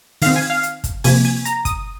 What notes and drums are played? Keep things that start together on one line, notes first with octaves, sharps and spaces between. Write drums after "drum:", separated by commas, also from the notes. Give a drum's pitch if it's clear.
D#3 C4 F5, drum: open hi-hat
G#5
F5
drum: hi-hat
drum: kick, hi-hat
C3 F3 A#3 G#5, drum: open hi-hat
G#5
A#5, drum: hi-hat
D#6, drum: kick, hi-hat